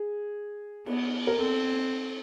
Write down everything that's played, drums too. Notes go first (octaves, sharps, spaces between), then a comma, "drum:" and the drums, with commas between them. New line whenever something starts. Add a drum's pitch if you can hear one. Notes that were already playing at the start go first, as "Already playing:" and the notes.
Already playing: G#4
B3, drum: cymbal
A#4
C4 A4